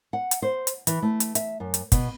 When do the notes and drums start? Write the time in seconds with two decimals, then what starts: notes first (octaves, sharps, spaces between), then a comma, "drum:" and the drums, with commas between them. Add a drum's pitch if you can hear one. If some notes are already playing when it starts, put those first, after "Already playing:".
0.13 F#5
0.31 drum: hi-hat
0.42 C5
0.67 drum: hi-hat
0.87 E3, drum: hi-hat
1.02 A3
1.20 drum: hi-hat
1.35 E5, drum: hi-hat
1.60 F#2
1.74 drum: hi-hat
1.92 B2, drum: kick, hi-hat